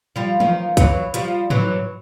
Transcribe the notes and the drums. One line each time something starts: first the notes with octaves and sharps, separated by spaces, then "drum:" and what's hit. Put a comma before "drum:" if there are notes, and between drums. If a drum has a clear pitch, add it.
F3 G3
D#3 F3, drum: tom E3
E3 F#3, drum: kick, hi-hat
F3 G3, drum: hi-hat
E3 F#3, drum: tom G#2